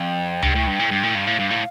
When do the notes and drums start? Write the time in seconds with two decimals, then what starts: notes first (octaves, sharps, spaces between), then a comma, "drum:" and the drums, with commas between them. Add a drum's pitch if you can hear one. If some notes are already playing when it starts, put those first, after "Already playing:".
Already playing: F2 G5
0.42 G2, drum: tom C#2
0.55 A2
0.67 G2
0.79 A2
0.91 G2
1.03 A2
1.15 G2
1.20 F5
1.27 A2
1.40 G2
1.51 A2